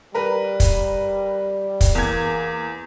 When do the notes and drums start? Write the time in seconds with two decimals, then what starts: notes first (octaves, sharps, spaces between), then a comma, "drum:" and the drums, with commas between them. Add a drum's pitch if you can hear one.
0.15 G3 A#4 B4
0.60 drum: kick, hi-hat
1.81 drum: kick, hi-hat
1.95 E2 A#3 G#6